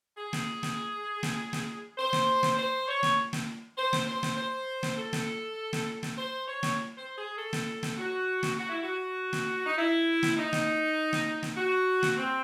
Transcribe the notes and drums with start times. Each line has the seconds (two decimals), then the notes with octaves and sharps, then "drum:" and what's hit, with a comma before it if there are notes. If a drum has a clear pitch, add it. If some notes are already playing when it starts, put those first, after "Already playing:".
0.17 G#4
0.33 drum: snare
0.63 drum: snare
1.23 drum: snare
1.53 drum: snare
1.98 C5
2.13 drum: snare
2.43 drum: snare
2.58 C5
2.88 C#5
3.03 drum: snare
3.33 drum: snare
3.78 C5
3.93 drum: snare
4.08 C5
4.23 drum: snare
4.38 C5
4.83 drum: snare
4.98 A4
5.13 drum: snare
5.73 drum: snare
6.03 drum: snare
6.18 C5
6.47 C#5
6.63 drum: snare
6.97 C5
7.18 G#4
7.37 A4
7.53 drum: snare
7.83 drum: snare
7.98 F#4
8.43 drum: snare
8.57 F#4
8.70 E4
8.83 F#4
9.33 drum: snare
9.66 D#4
9.77 E4
10.23 drum: snare
10.37 D#4
10.53 drum: snare
11.13 drum: snare
11.43 drum: snare
11.57 F#4
12.03 drum: snare
12.18 C4